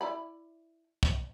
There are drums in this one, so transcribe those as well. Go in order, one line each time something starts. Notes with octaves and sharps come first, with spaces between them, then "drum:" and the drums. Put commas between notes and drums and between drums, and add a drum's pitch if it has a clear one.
E4 D5 B5
drum: kick